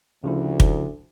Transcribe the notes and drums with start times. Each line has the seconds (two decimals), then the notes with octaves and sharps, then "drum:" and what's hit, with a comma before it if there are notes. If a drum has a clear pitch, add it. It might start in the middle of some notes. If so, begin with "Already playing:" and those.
0.24 D2 C#3 F3 E4
0.60 drum: kick